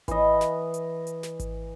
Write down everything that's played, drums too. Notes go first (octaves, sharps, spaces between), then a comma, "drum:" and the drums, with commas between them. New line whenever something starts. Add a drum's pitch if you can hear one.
E3 D#5, drum: kick G#1, hi-hat
drum: snare
drum: hi-hat
drum: hi-hat
drum: snare
drum: kick G#1, hi-hat